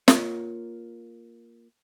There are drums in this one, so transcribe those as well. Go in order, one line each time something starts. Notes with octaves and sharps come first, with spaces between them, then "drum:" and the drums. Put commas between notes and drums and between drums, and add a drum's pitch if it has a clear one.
A#3 F4 C#5, drum: snare